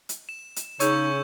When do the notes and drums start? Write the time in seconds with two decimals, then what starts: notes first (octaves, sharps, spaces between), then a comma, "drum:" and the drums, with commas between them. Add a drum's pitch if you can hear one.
0.09 drum: hi-hat
0.29 E7
0.56 drum: hi-hat
0.80 C#3 D#4 C#5 C#6 E6 G6, drum: hi-hat